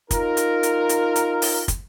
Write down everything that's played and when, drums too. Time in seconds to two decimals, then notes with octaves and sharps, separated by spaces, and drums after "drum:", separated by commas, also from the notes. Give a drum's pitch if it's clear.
0.11 D#4 F4 A#4, drum: kick, hi-hat
0.37 drum: hi-hat
0.63 drum: hi-hat
0.89 drum: hi-hat
1.16 drum: hi-hat
1.42 drum: open hi-hat
1.68 drum: kick, hi-hat